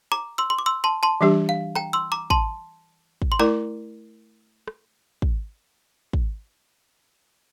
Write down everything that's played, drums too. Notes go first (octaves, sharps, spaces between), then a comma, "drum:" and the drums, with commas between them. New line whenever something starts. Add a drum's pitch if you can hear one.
A#5 D6
C6 E6
C6
D6
C6 E6
A5 C6
A5 C6
E3 G3 D4 G4
F5
G5 A#5, drum: rim click
C6 E6
A#5 D6
A5 C6, drum: kick
drum: kick
C6
A3 E4 A#4 D5 A#5 D6
drum: rim click
drum: kick
drum: kick